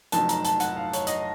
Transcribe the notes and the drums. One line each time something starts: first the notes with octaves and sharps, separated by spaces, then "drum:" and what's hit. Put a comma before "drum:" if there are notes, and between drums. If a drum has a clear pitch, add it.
F1 F2 D#3 F#3 A5, drum: hi-hat
A#5, drum: hi-hat
A5, drum: hi-hat
F#5, drum: hi-hat
F5
C#5, drum: hi-hat
D#5, drum: hi-hat